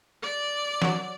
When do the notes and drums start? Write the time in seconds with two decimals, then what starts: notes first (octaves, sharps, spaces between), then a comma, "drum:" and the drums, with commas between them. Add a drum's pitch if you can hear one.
0.23 D5
0.82 F#3, drum: snare